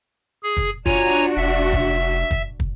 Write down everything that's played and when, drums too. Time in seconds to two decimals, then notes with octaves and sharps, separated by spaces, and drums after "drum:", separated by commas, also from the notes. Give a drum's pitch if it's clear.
0.43 G#4
0.57 drum: kick
0.86 D4 F4 F#4 C#5 G#5 A#5, drum: kick
1.37 F1 E5
1.73 drum: kick
2.31 drum: kick
2.60 drum: kick